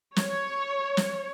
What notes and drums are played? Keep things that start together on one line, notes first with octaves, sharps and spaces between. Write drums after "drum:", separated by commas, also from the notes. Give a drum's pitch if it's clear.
C#5, drum: snare
drum: snare